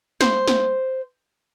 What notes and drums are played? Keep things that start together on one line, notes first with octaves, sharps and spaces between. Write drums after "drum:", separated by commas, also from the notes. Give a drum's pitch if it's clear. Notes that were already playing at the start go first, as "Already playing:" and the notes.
C5, drum: snare
drum: snare